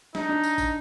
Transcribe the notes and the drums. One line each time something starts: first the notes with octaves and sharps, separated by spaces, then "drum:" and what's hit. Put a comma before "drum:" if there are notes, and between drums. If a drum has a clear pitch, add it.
D4 D#4, drum: snare
D4
drum: tambourine
drum: kick, tambourine